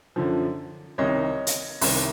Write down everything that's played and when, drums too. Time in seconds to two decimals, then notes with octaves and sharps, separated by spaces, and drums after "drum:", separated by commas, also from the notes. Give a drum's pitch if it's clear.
0.16 F#2 D3 F3
0.98 C2 C3 D#3 C#5 D#5
1.47 drum: hi-hat
1.81 C2 C3 D#3, drum: open hi-hat